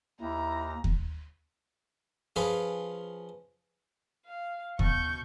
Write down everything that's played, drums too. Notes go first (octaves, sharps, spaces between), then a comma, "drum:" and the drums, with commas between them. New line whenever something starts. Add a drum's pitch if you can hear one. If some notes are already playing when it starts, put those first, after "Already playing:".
D#2 E4 A#5
drum: kick D#2
F3 C#4 F4 G#4 B4 F5
F5
B2 C#6 G6, drum: kick D#2